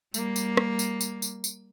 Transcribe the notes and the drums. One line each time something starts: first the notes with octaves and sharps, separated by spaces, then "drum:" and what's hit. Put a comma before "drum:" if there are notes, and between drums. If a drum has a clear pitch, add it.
G3 A#3, drum: tambourine
drum: tambourine
drum: rim click
drum: tambourine
drum: tambourine
drum: tambourine
drum: tambourine